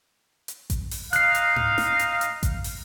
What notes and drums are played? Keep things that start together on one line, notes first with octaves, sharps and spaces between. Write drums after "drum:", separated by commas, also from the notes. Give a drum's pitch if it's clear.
drum: hi-hat
drum: kick A1, hi-hat
drum: open hi-hat
D#4 F5 F#6 C7, drum: hi-hat
drum: hi-hat
drum: tom G#2
drum: snare
drum: hi-hat
drum: hi-hat
drum: kick A1, hi-hat
drum: open hi-hat